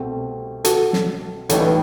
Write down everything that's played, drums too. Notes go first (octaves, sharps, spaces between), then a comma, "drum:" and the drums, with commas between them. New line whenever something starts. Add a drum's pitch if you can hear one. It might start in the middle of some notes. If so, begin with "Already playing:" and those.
Already playing: C2 B2 A3 C4
F#4 A4, drum: hi-hat
drum: snare
A1 A2 G3 D#4 A4, drum: hi-hat
B4